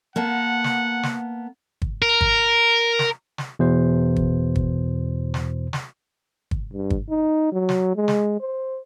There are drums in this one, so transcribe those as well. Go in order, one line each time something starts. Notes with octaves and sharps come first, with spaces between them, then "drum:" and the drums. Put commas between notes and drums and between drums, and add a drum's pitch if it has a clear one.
A#3 B3 F#5 A5
drum: snare
drum: snare
drum: kick
A#4
drum: kick
drum: snare
drum: snare
E2 B2 C5
drum: kick
drum: kick
drum: snare
drum: snare
drum: kick
G2
drum: kick
D#4
F#3
drum: snare
G#3
drum: snare
C5